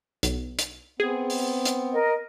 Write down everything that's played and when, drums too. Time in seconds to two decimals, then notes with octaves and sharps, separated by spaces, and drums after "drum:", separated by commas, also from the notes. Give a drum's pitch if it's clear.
0.23 B1, drum: hi-hat
0.59 drum: hi-hat
1.00 B3 C4 G#4
1.30 drum: open hi-hat
1.65 drum: hi-hat
1.93 A#4 D#5